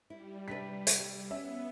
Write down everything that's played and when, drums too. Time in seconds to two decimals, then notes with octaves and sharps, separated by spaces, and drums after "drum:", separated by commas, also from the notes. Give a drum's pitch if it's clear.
0.10 G3 E4
0.48 C3 D4 B4 B6
0.87 drum: hi-hat
1.31 B3 C#4 E5